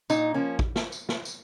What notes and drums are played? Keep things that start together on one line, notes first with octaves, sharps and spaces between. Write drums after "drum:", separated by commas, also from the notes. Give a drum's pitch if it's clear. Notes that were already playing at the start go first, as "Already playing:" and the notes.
A#2 D#4, drum: tambourine
F3 A#3 C#4
drum: kick A1
drum: snare
drum: tambourine
drum: snare
drum: tambourine